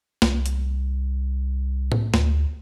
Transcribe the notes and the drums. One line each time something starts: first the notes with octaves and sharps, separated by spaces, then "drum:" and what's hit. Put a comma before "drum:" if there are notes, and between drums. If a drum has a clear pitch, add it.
C2, drum: snare
drum: hi-hat
drum: tom A2
D2, drum: snare